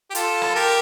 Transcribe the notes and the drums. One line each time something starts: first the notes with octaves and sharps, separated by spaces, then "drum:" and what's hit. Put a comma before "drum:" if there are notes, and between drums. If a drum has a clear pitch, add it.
G4
F4 A4, drum: hi-hat
drum: rim click
G4 A#4